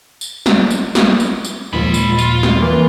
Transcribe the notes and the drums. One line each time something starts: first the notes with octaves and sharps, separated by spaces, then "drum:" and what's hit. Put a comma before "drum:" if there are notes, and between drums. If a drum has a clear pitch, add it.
drum: tambourine
drum: snare
drum: tambourine
drum: snare
drum: tambourine
drum: tambourine
D#2 A#2 F3 G#3 B5
drum: tambourine
F4, drum: tambourine
drum: snare
E3 A#3